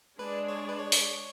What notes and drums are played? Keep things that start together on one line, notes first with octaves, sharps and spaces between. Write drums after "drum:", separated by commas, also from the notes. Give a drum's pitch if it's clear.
G#3 D4 G#4 B4 D5
C#5
B4
C#5
drum: open hi-hat